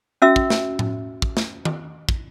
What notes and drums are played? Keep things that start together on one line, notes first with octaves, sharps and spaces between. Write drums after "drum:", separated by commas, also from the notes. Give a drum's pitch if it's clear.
C#4 F#4 E5 E6
drum: kick
drum: snare
drum: tom A2
drum: kick
drum: snare
drum: tom D#3
drum: kick